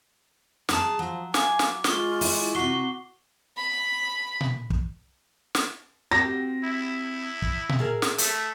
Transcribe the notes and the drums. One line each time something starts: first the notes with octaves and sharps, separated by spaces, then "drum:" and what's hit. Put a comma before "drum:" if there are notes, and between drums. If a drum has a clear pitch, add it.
F#3 G#4 A5, drum: snare
F3 F#3
F5 G#5 D6, drum: snare
drum: snare
G#3 F4 C#6, drum: snare
E4, drum: open hi-hat
C3 F#4 B4 C#6 C7 G7
B5
drum: tom A#2
drum: kick
drum: snare
C4 F#4 G4 A#6
E4
drum: kick
drum: tom A#2
E4 G#4 A#4
drum: snare
A3, drum: hi-hat